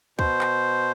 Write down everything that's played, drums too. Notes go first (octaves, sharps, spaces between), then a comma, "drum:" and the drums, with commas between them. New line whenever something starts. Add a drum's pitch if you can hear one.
B2 C5, drum: kick
drum: clap